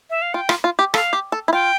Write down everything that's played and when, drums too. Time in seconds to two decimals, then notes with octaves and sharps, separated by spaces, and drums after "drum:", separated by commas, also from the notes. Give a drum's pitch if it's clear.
0.10 E5
0.22 F5
0.34 F4 G5
0.49 F4, drum: rim click
0.64 F4
0.79 G4
0.94 A4 F5, drum: rim click
1.13 G4
1.32 A4
1.48 E4
1.53 F4 G5